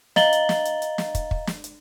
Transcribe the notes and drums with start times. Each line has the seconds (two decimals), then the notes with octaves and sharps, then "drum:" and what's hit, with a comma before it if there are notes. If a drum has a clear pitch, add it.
0.16 D#5 F5 A#5 A6 F#7 G7, drum: snare
0.33 drum: hi-hat
0.49 drum: snare
0.65 drum: hi-hat
0.82 drum: hi-hat
0.98 drum: snare
1.15 drum: kick, hi-hat
1.31 drum: kick
1.47 drum: snare
1.64 drum: hi-hat